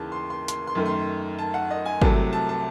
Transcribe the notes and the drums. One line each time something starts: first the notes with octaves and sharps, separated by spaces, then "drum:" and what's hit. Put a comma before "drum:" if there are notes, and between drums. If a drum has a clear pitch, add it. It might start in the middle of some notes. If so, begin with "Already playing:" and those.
Already playing: D#2 C#3 E3 A5
C6
C6
C6, drum: hi-hat
C6
F#2 D#3 A3
C6
A5
F#5
D#5
G#5
C2 C3 F#3 A3 A5, drum: kick
A5
A5